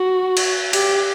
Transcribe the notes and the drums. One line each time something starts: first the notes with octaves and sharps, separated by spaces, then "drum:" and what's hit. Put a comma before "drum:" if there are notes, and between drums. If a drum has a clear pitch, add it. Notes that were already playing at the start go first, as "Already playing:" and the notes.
Already playing: F#4
drum: cymbal
G4, drum: cymbal